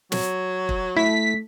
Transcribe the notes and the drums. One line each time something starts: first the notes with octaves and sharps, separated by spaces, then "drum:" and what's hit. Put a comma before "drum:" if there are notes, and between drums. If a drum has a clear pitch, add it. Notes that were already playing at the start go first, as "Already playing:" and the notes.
F#3, drum: snare
drum: kick
A3 E4 B6